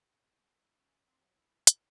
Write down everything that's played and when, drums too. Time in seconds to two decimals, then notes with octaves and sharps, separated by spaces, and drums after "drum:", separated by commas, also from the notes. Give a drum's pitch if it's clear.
0.22 A2
0.39 G#6
0.62 E4
0.77 C#4
1.08 C4
1.22 F#3
1.35 E4
1.67 A#4, drum: hi-hat